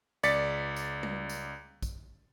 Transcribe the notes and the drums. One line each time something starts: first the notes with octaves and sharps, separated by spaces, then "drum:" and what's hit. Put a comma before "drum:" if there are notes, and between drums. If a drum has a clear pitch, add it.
C#2 D5 A6 B6 C#7, drum: tambourine
drum: tambourine
drum: tom G3
drum: tambourine
drum: kick A#1, tambourine